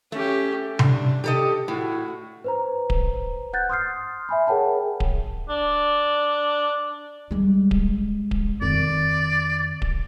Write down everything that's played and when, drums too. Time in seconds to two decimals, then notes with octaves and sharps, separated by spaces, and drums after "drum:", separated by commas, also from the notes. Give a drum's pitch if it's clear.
0.12 A3 C#4 G4
0.79 D4, drum: tom C3
1.24 G4 A4 D#5
1.68 A2 F#4
2.44 B4 C5 A#5
2.90 drum: kick D1
3.53 F#5 F#6 G6 A6
3.69 C6 D#6 F6 G6 C7
4.29 E5 G#5 B5
4.47 G#4 A#4 C#5 F#5 G5 A5
5.00 drum: kick D1
5.49 D4
7.31 G3 G#3
7.71 drum: kick D1
8.31 drum: kick D1
8.61 F2 D#3 D5
9.82 drum: kick D1